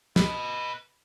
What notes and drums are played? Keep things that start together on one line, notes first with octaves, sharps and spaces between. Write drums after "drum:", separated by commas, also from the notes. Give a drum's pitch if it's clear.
B4 D#5, drum: snare